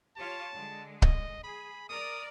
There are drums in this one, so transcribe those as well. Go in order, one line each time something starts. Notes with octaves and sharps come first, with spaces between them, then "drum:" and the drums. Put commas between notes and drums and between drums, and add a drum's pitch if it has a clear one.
F4 G4 C#5 A5
D3 G#3
D#5, drum: kick C#1
G#4 B5
A#4 D5 D#6